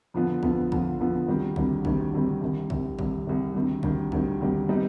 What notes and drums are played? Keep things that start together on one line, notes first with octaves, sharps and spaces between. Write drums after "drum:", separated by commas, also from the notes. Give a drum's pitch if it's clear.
F2 D3 F3 B3 F4
F2 D3 F3 B3 F4, drum: kick
F2 D3 F3 B3 F4, drum: kick
F2 D3 F3 B3 F4
D2 C3 D#3 G3
D2 C3 D#3 G3, drum: kick
D2 C3 D#3 G3, drum: kick
D2 C3 D#3 G3
C2 C3 D#3
C2 C3 D#3, drum: kick
C2 C3 D#3, drum: kick
C2 C3 D#3
D2 C3 D#3 G3
D2 C3 D#3 G3, drum: kick
D2 C3 D#3 G3, drum: kick
D2 C3 D#3 G3
C3 G3 B3 D#4